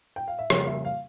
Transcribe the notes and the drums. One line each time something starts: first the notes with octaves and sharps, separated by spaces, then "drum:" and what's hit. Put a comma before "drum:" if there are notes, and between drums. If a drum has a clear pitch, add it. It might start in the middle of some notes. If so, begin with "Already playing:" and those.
G5
F5
E5
F2 C#3 G3 A#3 C#5, drum: rim click
E5
F5